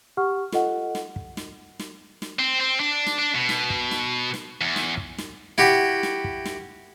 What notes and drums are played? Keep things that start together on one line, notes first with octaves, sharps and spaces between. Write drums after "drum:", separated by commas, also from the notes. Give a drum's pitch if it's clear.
G4 F#5 C#6 F6
F4 A4 D#5 F#5, drum: snare
drum: snare
drum: kick
drum: snare
drum: snare
drum: snare
C4
C4
D4
drum: snare
D4
B2
drum: snare
drum: kick
drum: snare
drum: snare
E2
drum: snare
drum: kick
drum: snare
E4 F#4 G4, drum: snare
drum: snare
drum: kick
drum: snare